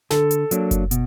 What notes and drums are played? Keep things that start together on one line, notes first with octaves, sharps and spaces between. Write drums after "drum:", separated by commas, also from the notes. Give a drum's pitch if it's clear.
D3 A4, drum: snare
drum: hi-hat
F#3 A#3 D4, drum: hi-hat
drum: kick F#1, hi-hat
B2, drum: hi-hat